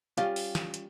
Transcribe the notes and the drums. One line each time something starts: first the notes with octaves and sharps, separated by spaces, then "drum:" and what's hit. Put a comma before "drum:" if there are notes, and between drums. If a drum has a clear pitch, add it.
G3 C#4 F4 F5 G5, drum: hi-hat
drum: open hi-hat
drum: snare
drum: hi-hat